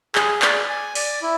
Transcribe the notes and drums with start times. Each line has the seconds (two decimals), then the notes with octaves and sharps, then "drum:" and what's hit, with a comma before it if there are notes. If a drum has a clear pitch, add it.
0.15 G#4, drum: clap
0.42 D5, drum: clap
0.69 G#5
0.95 D5, drum: open hi-hat
1.22 E4